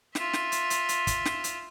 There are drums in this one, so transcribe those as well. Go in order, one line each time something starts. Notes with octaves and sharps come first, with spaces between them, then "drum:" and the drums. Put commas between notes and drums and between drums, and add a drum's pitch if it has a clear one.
F4 E5, drum: snare
drum: snare
drum: hi-hat
drum: hi-hat
drum: hi-hat
drum: kick, hi-hat
drum: snare
drum: hi-hat